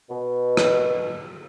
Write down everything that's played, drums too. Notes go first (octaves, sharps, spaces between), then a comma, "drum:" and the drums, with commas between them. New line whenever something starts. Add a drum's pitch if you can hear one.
B2
drum: rim click